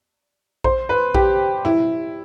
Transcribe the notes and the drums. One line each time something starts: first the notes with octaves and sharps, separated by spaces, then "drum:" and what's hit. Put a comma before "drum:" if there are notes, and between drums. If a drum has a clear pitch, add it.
C5, drum: kick A#1
B4
G4, drum: kick A#1
E4, drum: tom